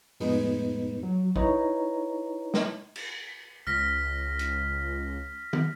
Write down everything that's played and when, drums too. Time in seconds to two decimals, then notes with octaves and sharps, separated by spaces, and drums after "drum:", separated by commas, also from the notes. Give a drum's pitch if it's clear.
0.20 F2 A2 G#3 B3 D#4 B4, drum: open hi-hat
1.03 F#3
1.36 D#4 E4 B4 C#5 A#5, drum: kick
2.54 drum: snare
2.96 drum: cymbal
3.67 C#2 F6 A#6 B6
4.39 drum: hi-hat
5.53 drum: tom